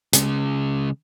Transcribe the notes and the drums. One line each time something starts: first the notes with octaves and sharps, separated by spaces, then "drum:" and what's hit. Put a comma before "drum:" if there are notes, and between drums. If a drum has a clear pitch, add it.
C#3 G#3, drum: hi-hat